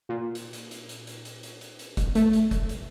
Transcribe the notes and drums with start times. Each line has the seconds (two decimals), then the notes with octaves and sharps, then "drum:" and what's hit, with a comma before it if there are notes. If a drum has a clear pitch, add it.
0.09 A#2
0.35 drum: hi-hat
0.53 drum: hi-hat
0.71 drum: hi-hat
0.89 drum: hi-hat
1.07 drum: hi-hat
1.25 drum: hi-hat
1.43 drum: hi-hat
1.61 drum: hi-hat
1.79 drum: hi-hat
1.97 drum: kick F1, hi-hat
2.15 A3, drum: hi-hat
2.33 drum: hi-hat
2.51 drum: kick F1, hi-hat
2.69 drum: hi-hat